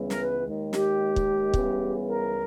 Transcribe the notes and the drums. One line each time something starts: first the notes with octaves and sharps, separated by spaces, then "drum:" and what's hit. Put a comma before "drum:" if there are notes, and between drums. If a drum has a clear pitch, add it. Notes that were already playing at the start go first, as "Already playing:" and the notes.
Already playing: C#2 C#3 E3 G3 B3
A#4, drum: snare
B4
D#2 D#3 G#3
G4, drum: snare
drum: kick
C#2 C#3 E3 G3 B3, drum: kick
A#4